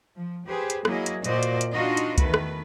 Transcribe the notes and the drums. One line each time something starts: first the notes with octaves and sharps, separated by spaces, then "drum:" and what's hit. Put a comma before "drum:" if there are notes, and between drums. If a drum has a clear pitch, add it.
F3
G4 G#4 B4 C5
drum: hi-hat
F#3 A#3 E4 G#4 D#5, drum: rim click
drum: hi-hat
A#2 F#4 C5 D5 D#5, drum: hi-hat
drum: hi-hat
drum: hi-hat
D4 D#4 F4 F#4 D#5
drum: hi-hat
E2 D#3 A3 B4, drum: kick, hi-hat
drum: rim click